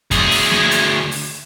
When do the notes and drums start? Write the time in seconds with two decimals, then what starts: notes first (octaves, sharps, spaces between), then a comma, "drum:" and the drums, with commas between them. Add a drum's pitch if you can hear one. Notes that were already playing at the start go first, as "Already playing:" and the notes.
0.11 D2 G#4, drum: kick F2, hi-hat
0.31 drum: open hi-hat
0.51 drum: snare A#3
0.71 drum: hi-hat
1.11 drum: open hi-hat